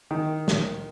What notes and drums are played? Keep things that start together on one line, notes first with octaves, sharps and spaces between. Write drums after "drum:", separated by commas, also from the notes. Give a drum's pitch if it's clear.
D#3
drum: snare